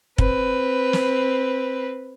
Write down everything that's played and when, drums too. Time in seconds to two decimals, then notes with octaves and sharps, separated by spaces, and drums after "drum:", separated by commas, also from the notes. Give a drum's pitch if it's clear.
0.18 C4 B4, drum: kick
0.93 drum: snare